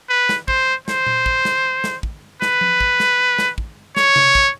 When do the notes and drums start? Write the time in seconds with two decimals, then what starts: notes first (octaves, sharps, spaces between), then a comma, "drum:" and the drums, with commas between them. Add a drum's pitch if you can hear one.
0.10 B4
0.29 drum: snare
0.48 C5, drum: kick
0.88 C5, drum: snare
1.07 drum: tom A#2
1.26 drum: kick
1.45 drum: snare
1.84 drum: snare
2.03 drum: kick
2.42 B4, drum: snare
2.61 drum: tom F3
2.81 drum: kick
3.00 drum: snare
3.39 drum: snare
3.58 drum: kick
3.97 C#5, drum: snare
4.16 drum: tom C3
4.35 drum: kick